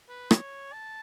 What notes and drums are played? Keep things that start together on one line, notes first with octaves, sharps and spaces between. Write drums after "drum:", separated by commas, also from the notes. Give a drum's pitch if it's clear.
B4
C#5, drum: rim click
A5